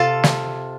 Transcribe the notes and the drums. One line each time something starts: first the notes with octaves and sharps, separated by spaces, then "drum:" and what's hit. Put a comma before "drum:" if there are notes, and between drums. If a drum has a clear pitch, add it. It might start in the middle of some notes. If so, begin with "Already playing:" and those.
Already playing: C3 F4 A4
drum: snare